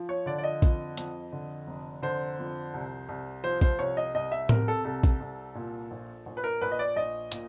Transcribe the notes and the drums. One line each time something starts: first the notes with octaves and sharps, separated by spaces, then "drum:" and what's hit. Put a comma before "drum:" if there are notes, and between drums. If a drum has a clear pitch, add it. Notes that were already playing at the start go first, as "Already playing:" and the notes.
Already playing: F3
C#5
D3 D5
D5
D#5
F2, drum: kick
F2, drum: hi-hat
D3
F1
D3 C5
F2
C2
C2
F3 C5
C5, drum: kick
C2 C#5
D#5
C2 D#5
E5
C3 A#4, drum: tom A2
A4
C2 A4
drum: kick
C2
A#2
A#1
A#1
B4
A#4
A#1 B4
D#5
D5
A#1 D#5
A#2, drum: hi-hat